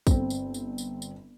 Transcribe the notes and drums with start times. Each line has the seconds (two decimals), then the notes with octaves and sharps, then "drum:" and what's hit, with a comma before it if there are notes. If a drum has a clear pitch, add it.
0.07 G1 C4, drum: kick, tambourine
0.30 drum: tambourine
0.54 drum: tambourine
0.78 drum: tambourine
1.02 drum: tambourine